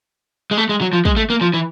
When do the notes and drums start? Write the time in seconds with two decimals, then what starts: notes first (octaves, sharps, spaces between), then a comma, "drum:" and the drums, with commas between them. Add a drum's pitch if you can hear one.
0.51 G#3
0.58 A3
0.69 G#3
0.81 F#3
0.93 F3
1.05 G#3, drum: kick
1.17 A3
1.30 A#3
1.41 F3
1.54 E3